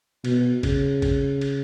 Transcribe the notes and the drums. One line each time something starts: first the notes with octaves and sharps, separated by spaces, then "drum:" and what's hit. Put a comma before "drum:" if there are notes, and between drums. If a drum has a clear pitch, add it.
B2, drum: cymbal
C#3, drum: kick, cymbal
drum: kick, cymbal
drum: cymbal